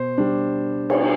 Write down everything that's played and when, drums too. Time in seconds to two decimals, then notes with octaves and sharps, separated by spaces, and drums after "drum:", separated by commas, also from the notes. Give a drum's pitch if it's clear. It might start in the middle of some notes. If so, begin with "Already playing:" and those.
Already playing: B2 C5
0.18 G3 D4
0.90 drum: cymbal